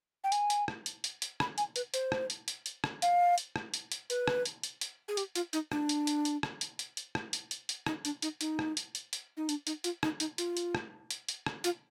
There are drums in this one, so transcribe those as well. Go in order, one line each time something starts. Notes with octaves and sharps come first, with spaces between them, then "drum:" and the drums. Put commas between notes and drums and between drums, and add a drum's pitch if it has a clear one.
G5
G#5, drum: hi-hat
drum: hi-hat
drum: rim click
drum: hi-hat
drum: hi-hat
drum: hi-hat
B5, drum: rim click
G#5, drum: hi-hat
B4, drum: hi-hat
C5, drum: hi-hat
drum: rim click
drum: hi-hat
drum: hi-hat
drum: hi-hat
drum: rim click
F5, drum: hi-hat
drum: hi-hat
drum: rim click
drum: hi-hat
drum: hi-hat
B4, drum: hi-hat
drum: rim click
drum: hi-hat
drum: hi-hat
drum: hi-hat
G#4
G4, drum: hi-hat
F4, drum: hi-hat
D#4, drum: hi-hat
D4, drum: rim click
drum: hi-hat
drum: hi-hat
drum: hi-hat
drum: rim click
drum: hi-hat
drum: hi-hat
drum: hi-hat
drum: rim click
drum: hi-hat
drum: hi-hat
drum: hi-hat
D#4, drum: rim click
D4, drum: hi-hat
D#4, drum: hi-hat
D#4, drum: hi-hat
drum: rim click
drum: hi-hat
drum: hi-hat
drum: hi-hat
D#4
D4, drum: hi-hat
D#4, drum: hi-hat
F4, drum: hi-hat
D#4, drum: rim click
D#4, drum: hi-hat
F4, drum: hi-hat
drum: hi-hat
drum: rim click
drum: hi-hat
drum: hi-hat
drum: rim click
F4, drum: hi-hat